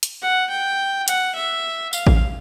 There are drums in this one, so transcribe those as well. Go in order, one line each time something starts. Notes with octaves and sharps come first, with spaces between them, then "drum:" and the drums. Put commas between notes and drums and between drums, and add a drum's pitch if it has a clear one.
drum: hi-hat
F#5
G5
F#5, drum: hi-hat
E5
F5, drum: tambourine
drum: kick A1